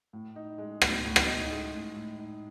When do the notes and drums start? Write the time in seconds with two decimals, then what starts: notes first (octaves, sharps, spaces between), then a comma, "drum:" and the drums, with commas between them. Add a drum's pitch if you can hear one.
0.13 A2
0.36 D#4
0.58 G#3
0.82 A2, drum: rim click
1.05 A2
1.16 drum: rim click
1.27 D#4
1.50 G#3
1.73 A2
1.96 A2
2.19 D#4